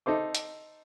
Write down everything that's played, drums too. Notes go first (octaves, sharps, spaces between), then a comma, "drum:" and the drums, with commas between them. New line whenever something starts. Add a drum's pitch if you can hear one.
D#4 A4 C5 D6
drum: hi-hat